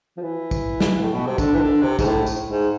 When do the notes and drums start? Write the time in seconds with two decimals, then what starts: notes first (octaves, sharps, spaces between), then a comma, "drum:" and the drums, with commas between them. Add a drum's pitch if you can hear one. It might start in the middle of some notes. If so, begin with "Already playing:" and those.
0.17 F3
0.23 E3
0.51 drum: kick, tambourine
0.80 drum: snare
1.00 A2
1.13 B2
1.27 C3
1.38 D3, drum: kick, tambourine
1.55 E3
1.60 D3
1.82 C3
1.99 G#2, drum: kick, tambourine
2.05 A2
2.26 drum: tambourine
2.48 G#2